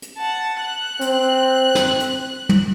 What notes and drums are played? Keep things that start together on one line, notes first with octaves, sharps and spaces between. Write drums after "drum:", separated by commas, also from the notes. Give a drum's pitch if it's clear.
drum: hi-hat
F#5 A5
F#6
C4, drum: hi-hat
drum: snare
drum: hi-hat
drum: tom